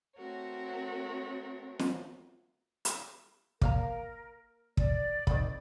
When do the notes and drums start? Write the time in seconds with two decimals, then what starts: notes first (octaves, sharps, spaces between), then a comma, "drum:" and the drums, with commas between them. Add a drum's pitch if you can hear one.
0.17 A3 C4 F#4 A#4 C#5
1.79 drum: snare
2.85 drum: hi-hat
3.61 A#3 A#4 F5 A#5, drum: kick
4.77 D5, drum: kick
5.27 D#3 C4 B5, drum: kick